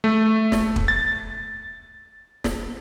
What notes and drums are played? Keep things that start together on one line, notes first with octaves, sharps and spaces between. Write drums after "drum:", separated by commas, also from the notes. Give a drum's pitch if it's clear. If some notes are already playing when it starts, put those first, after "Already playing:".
A3
drum: snare
drum: kick
A6
drum: snare